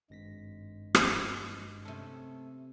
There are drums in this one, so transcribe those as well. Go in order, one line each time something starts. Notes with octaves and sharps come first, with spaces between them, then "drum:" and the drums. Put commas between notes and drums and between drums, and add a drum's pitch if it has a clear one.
G#1 G2 G#3 A#6 B6
drum: rim click
C3 A3 C#4 A4